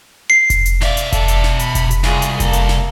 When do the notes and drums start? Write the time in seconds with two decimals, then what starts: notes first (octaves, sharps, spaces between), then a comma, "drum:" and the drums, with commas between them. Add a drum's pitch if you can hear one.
0.30 C7
0.50 drum: kick F1, hi-hat
0.66 drum: hi-hat
0.81 B2 D5 E5 F5, drum: snare
0.97 drum: hi-hat
1.12 A4 D5, drum: kick F1, hi-hat
1.28 drum: hi-hat
1.44 drum: snare
1.59 B5, drum: hi-hat
1.75 drum: kick F1, hi-hat
1.91 drum: hi-hat
2.03 C2 F4 G#4, drum: snare
2.22 drum: hi-hat
2.40 A#3 A4, drum: kick F1, hi-hat
2.53 drum: hi-hat
2.69 drum: snare